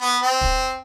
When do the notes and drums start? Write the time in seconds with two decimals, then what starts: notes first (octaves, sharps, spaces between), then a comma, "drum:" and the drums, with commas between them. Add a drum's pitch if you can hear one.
0.02 B3
0.22 C4
0.41 drum: kick